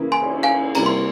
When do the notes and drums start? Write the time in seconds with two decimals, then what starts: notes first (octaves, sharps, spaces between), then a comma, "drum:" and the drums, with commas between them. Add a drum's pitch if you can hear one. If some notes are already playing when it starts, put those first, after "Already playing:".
Already playing: C#3 E3 A#3 E4
0.12 G#5 C6
0.22 drum: cymbal
0.43 F5 G#5
0.75 C3 G3 A#3 E4 A#5, drum: cymbal
0.86 C6